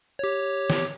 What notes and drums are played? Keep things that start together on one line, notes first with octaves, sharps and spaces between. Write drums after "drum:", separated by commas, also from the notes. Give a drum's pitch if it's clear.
G4 C#5
drum: snare